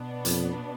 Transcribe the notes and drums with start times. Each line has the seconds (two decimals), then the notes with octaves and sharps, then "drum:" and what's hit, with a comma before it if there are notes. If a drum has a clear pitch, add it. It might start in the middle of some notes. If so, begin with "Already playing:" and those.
Already playing: B2 B3 D4
0.25 F2, drum: hi-hat